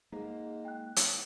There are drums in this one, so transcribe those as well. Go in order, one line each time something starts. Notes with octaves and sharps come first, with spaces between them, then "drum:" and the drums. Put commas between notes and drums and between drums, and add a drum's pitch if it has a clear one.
G#2 A#3 G#4 A#5
G5 F#6
drum: hi-hat